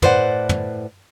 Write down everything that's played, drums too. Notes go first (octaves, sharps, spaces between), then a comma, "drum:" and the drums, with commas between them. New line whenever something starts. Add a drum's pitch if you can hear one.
A2 B4 C5 D5 F#5, drum: tom
drum: tom